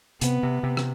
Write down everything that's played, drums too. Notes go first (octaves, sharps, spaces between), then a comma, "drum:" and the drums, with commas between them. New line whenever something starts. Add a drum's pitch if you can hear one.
C3 B3, drum: hi-hat
C3
C3
drum: rim click